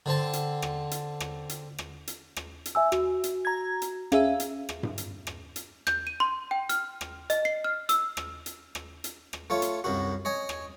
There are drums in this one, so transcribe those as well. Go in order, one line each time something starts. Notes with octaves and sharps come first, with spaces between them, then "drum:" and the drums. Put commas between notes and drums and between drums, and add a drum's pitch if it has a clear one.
D3 C4 A5
drum: hi-hat
drum: rim click
drum: hi-hat
drum: rim click
drum: hi-hat
drum: rim click
drum: hi-hat
drum: rim click
drum: hi-hat
E5 G#5 E6
F#4, drum: rim click
drum: hi-hat
A#5 G#6
drum: hi-hat
C#4 G#4 E5 F5, drum: rim click
drum: hi-hat
drum: rim click
drum: tom G2
drum: hi-hat
drum: rim click
drum: hi-hat
G6, drum: rim click
D#7
C6
G5
F6, drum: hi-hat
drum: rim click
D#5, drum: hi-hat
C7
F6
E6, drum: hi-hat
drum: rim click
drum: hi-hat
drum: rim click
drum: hi-hat
drum: rim click
A3 F4 C#5
drum: hi-hat
C2 F#2 F#4
C#5 D#5 G#5
drum: rim click